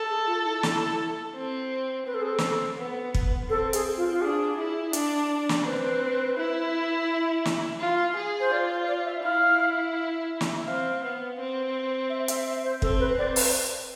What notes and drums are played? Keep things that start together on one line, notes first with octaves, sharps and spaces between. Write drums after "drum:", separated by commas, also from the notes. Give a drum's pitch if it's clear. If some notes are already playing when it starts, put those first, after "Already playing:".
Already playing: A4
G#4
F4
E4
E4, drum: snare
C4
C4 B4
A4
G#4
A4
drum: snare
B3
drum: kick
C4 A4
G#4, drum: hi-hat
F4
F4
D4 G#4
E4
D4, drum: hi-hat
drum: snare
C4 B4
E4
drum: snare
F4
G#4
C5
F4 D5
C5
D5
E5
E4 F5
drum: snare
E5
C4 F5
B3
C4
E5
E5, drum: hi-hat
E5
C5
C4 A4, drum: kick
B4
C4 D5
B4, drum: open hi-hat